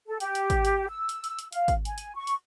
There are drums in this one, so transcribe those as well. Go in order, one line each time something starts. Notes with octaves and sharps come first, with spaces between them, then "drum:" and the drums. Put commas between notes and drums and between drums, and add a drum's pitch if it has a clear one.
A4
G4, drum: hi-hat
drum: hi-hat
drum: kick G#1, hi-hat
drum: hi-hat
E6
drum: hi-hat
drum: hi-hat
drum: hi-hat
F5, drum: hi-hat
drum: kick G#1, hi-hat
G#5, drum: hi-hat
drum: hi-hat
C#6
drum: hi-hat